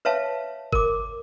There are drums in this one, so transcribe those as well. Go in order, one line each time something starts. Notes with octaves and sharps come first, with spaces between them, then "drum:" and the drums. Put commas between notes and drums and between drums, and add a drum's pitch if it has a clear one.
B4 C#5 E5 F5 A5
A#4 D6, drum: kick G1